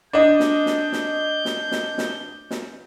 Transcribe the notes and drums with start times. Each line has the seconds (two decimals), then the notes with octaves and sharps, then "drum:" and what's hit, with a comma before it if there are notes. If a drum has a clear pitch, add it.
0.13 D4 D#5 G6
0.40 drum: snare
0.66 drum: snare
0.92 drum: snare
1.45 drum: snare
1.72 drum: snare
1.98 drum: snare
2.51 drum: snare